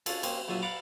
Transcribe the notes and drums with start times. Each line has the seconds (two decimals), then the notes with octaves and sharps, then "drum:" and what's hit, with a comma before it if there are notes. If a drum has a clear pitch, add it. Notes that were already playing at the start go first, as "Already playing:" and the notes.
0.06 C#4 D4 F4 G#4 A4 D#5, drum: cymbal
0.23 A#3 C4 C#4 C5 D#5, drum: cymbal
0.48 A#1 F#3 F4 E5 D#6
0.62 D5 F5 F#5 A#5 B5 D6